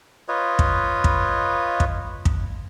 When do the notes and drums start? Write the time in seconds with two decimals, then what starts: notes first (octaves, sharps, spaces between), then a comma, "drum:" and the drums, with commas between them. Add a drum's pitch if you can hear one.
0.28 F4 B4 C#5 D#5
0.59 drum: kick
1.04 drum: kick
1.80 drum: kick
2.25 drum: kick